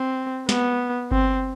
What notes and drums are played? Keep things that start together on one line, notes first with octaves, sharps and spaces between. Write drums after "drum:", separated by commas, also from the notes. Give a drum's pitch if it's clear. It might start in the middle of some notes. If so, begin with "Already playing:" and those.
Already playing: C4
B3, drum: snare
C4, drum: kick G1